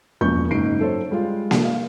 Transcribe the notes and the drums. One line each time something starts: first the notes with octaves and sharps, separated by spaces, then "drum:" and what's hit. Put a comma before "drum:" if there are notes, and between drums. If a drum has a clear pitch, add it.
E1 F3 A#3 C#4 C#6 G6
F#1 G#2 D#4 C7 D7
F#3 A4 C5 C#5
G3 G#3 F4
drum: snare A#3
F5